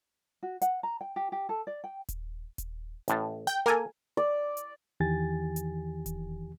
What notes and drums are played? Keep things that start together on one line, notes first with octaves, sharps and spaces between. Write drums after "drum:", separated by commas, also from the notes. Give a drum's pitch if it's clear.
F#4
F#5, drum: hi-hat
A#5
G5
G4
G4
A4
D5
G5
drum: kick D#1, hi-hat
drum: kick D#1, hi-hat
A1 A2 A5, drum: hi-hat
G5 G6
A#3 A4 A#4 G#5
D5
drum: hi-hat
E2 D#3 E3 G4 G#5 A6
drum: hi-hat
drum: kick D#1, hi-hat